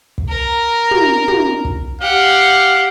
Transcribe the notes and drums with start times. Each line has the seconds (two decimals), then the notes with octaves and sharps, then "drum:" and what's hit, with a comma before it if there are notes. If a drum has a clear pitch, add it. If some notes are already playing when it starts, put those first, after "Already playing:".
0.18 drum: kick
0.29 A#4
0.91 drum: tom
1.28 drum: tom
1.65 drum: kick
2.01 G4 F5 F#5